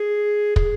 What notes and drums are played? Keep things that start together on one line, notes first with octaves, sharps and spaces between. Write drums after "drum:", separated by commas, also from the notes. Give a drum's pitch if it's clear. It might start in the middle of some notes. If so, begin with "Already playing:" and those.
Already playing: G#4
G#4, drum: kick